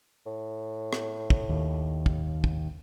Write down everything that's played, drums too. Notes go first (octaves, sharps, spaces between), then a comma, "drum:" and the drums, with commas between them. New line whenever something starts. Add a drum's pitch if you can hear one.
A2
drum: rim click
drum: kick
D#2
drum: kick
drum: kick